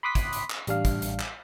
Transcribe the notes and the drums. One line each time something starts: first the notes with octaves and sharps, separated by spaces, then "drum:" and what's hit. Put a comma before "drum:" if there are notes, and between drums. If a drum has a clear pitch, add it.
B5 C6 D6 D#6 F#6 B6
drum: kick, hi-hat
drum: hi-hat
drum: clap
A1 G3 D4 F5, drum: hi-hat
drum: kick, hi-hat
drum: hi-hat
drum: clap